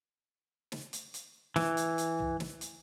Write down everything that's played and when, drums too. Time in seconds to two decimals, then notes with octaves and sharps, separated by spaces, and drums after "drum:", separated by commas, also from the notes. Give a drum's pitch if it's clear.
0.72 drum: snare
0.93 drum: hi-hat
1.14 drum: hi-hat
1.56 E3, drum: snare
1.77 drum: hi-hat
1.98 drum: hi-hat
2.19 drum: tom
2.40 drum: snare
2.61 drum: hi-hat